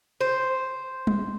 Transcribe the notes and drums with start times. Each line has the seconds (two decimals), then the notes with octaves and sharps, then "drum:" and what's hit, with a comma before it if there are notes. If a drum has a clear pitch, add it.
0.21 C5
1.07 drum: tom G3